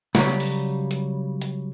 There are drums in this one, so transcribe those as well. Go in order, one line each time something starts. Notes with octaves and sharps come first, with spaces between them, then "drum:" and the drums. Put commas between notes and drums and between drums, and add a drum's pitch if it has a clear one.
C#3 F#3 G3 C#5, drum: snare
drum: open hi-hat
drum: hi-hat
drum: hi-hat